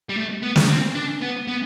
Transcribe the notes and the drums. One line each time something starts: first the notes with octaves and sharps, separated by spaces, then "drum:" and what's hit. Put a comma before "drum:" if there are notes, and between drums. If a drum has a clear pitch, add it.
G3
A3
B3
drum: snare
C4
D4
B3
B3